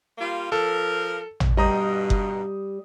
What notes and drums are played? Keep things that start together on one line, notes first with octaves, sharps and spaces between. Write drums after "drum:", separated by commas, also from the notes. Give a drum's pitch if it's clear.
G3 A#3 F4
F3 A4 A#4
drum: tom
G2 B2 G3 D#5 A#5 D#6
drum: kick F#1